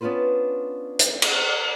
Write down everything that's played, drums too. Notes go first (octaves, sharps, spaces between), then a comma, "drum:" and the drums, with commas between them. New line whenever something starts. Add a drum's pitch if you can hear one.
B3 C#4 D4 F4 B4 C5
drum: hi-hat
drum: cymbal